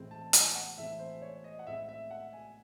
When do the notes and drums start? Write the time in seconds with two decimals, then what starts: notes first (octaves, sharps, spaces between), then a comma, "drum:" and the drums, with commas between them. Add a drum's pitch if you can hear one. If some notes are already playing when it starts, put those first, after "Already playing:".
Already playing: A2 E3 G#3 C4
0.11 A5
0.33 G#5, drum: hi-hat
0.55 F#5
0.78 A2 E3 G#3 C4 E5
0.99 C5
1.22 C#5
1.44 D#5
1.59 F#5
1.67 A2 G#3 C4 E5
1.89 E5
2.11 F#5
2.33 G#5